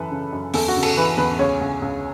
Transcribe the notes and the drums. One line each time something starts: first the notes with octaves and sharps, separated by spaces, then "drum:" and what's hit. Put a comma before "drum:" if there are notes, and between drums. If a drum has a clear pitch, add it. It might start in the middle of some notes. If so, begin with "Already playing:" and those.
Already playing: F#2 E3 A4 B4
C#3
F#2
E2 A4, drum: open hi-hat
F#4
C#3
A4, drum: cymbal
E3 B4
E2 B4
C#2 C#5
C#2
C#2